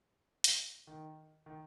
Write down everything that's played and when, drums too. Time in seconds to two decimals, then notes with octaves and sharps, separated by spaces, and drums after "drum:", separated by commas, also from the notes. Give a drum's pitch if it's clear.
0.44 drum: hi-hat
0.87 D#3
1.46 D#3